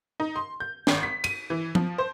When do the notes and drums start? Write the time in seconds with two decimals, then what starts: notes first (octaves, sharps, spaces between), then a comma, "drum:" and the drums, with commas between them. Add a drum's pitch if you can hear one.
0.20 D#4
0.36 C6
0.60 G6
0.87 G#1, drum: snare
1.03 B6
1.24 D#7, drum: cymbal
1.50 E3
1.75 F3, drum: tom F3
1.98 C5